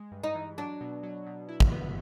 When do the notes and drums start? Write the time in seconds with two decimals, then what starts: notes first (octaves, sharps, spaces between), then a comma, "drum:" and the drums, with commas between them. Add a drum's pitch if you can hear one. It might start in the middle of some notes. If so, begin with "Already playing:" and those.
Already playing: G#3
0.11 G2
0.24 D#4
0.35 E3
0.58 F#3 D4
0.81 B2
1.03 F#3
1.27 B2
1.49 E4
1.60 drum: kick
1.72 B3